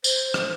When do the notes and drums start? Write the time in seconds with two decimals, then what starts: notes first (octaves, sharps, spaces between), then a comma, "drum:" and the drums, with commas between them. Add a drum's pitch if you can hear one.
0.04 C5, drum: tambourine
0.34 drum: rim click